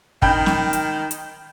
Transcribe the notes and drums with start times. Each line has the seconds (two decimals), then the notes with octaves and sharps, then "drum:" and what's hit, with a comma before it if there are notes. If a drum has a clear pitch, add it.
0.22 D#3 G5 B5 G6, drum: kick
0.46 drum: snare
0.73 drum: hi-hat
1.11 drum: hi-hat